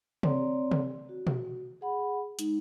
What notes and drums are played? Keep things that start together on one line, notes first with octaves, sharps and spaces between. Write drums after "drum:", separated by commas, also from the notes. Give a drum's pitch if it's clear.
C4 C#5 D5 A#5 C6, drum: tom C3
drum: tom C3
F#4
drum: tom
G#4 F#5 B5
G#3 D#4, drum: hi-hat